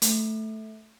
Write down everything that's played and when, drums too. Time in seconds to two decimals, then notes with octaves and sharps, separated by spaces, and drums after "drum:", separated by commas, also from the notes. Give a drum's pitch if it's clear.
0.02 A3, drum: hi-hat